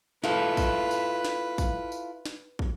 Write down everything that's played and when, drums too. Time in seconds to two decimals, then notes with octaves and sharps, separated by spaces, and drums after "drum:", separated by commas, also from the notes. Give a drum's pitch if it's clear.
0.24 E4 F4 A4 B4, drum: snare
0.57 drum: kick, tambourine
0.91 drum: tambourine
1.25 drum: snare
1.58 drum: kick, tambourine
1.92 drum: tambourine
2.25 drum: snare
2.59 drum: kick